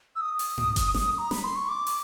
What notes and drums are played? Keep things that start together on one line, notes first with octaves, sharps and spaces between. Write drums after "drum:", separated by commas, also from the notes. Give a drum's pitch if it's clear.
E6
D#6
drum: open hi-hat
drum: tom G#2
drum: kick G1, hi-hat
drum: snare
A#5
B5, drum: snare
C6
C#6
D6
drum: open hi-hat